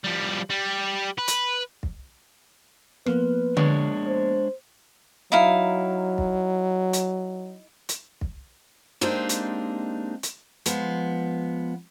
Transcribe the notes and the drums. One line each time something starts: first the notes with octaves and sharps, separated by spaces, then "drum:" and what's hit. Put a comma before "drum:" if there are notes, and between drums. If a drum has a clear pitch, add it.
F3 G3
G3
B4
drum: hi-hat
drum: kick
F3 A#3 B3 B4, drum: rim click
G#3 D4 C#5, drum: tom D3
C5
F#3 D#4 E4 F5
drum: kick
drum: hi-hat
drum: hi-hat
drum: kick
G#3 A#3 C4 D4 D#4 G4, drum: snare
drum: hi-hat
drum: hi-hat
F3 G#3 B3, drum: hi-hat